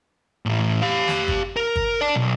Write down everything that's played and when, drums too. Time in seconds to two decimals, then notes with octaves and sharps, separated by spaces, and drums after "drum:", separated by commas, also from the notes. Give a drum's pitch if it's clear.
0.46 A2 E3
0.82 G4 F5
1.08 drum: snare
1.28 drum: kick G1
1.57 A#4
1.76 drum: kick G1
2.01 D5 A5
2.16 B1